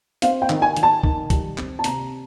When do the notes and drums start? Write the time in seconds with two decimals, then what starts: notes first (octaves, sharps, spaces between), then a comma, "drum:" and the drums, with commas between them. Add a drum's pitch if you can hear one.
0.22 C4 F5, drum: hi-hat
0.42 G5
0.49 D#3, drum: clap
0.62 G#5
0.77 D#3, drum: hi-hat
0.83 A5
1.04 D#3, drum: kick
1.30 G3, drum: kick, hi-hat
1.58 C4, drum: clap
1.79 A5
1.84 C3 A#5, drum: hi-hat